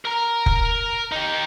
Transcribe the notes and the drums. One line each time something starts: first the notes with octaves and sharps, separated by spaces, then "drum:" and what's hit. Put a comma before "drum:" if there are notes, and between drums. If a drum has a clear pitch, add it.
A#4 A#5
drum: kick
D#4 G4